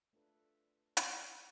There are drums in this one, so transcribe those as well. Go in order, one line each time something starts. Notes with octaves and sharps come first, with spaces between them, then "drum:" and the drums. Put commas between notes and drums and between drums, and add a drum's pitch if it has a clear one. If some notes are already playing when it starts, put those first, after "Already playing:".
A3 D4 F4 A4 B4
drum: hi-hat